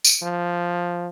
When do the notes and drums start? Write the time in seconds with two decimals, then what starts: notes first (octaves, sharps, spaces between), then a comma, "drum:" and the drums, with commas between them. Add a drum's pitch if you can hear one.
0.04 drum: tambourine
0.23 F3